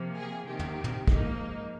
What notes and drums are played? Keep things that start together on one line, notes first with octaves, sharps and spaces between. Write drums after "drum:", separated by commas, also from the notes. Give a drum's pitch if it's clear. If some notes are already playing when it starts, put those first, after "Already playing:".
Already playing: C3 F3 A#3
G#4
C3 D#3 A#3 G4
drum: tom
drum: tom
G#2 F3 A#3 D#4, drum: kick